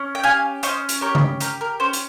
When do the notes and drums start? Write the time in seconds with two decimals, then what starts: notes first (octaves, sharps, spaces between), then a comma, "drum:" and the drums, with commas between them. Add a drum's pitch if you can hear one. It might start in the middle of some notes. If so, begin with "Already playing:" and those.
Already playing: C#4
0.15 G5
0.24 G4 F5 G#5
0.63 C#4 C5 D#5, drum: hi-hat
0.89 drum: hi-hat
1.01 G4 A#4 C#5
1.15 drum: tom C#3
1.40 G4 A#4, drum: hi-hat
1.61 A#4
1.80 C#4 C5
1.93 drum: hi-hat